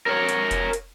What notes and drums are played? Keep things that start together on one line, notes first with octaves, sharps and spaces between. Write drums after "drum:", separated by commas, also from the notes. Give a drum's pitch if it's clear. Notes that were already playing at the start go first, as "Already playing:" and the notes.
A#4 C#5
drum: hi-hat
drum: kick F1, hi-hat
drum: hi-hat